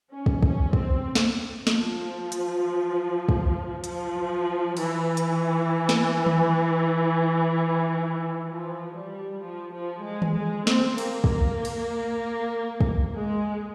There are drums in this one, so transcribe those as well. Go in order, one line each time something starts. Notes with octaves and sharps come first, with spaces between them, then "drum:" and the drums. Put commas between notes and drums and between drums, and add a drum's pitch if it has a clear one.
C#4
drum: kick
C#4, drum: kick
C4, drum: kick
drum: snare
F3, drum: snare
drum: hi-hat
drum: kick
F3, drum: hi-hat
E3, drum: cymbal
drum: hi-hat
drum: snare
drum: tom D#3
F3
G3
F3
F3
G#3
drum: tom D#3
G#3
C4, drum: snare
A#3, drum: cymbal
drum: kick
drum: cymbal
drum: kick
G#3